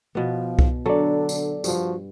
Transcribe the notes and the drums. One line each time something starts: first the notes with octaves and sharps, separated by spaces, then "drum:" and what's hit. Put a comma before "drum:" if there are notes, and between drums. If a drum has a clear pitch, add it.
B2 F3 B3
drum: kick C2
D3 F#3 D4 A4 D5
drum: tambourine
G2 F3 F#4, drum: tambourine